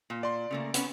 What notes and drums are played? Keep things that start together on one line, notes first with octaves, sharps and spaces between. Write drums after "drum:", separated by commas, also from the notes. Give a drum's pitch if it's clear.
A#2
D5 C6
C#3 A3 A#3
B3 C#4, drum: hi-hat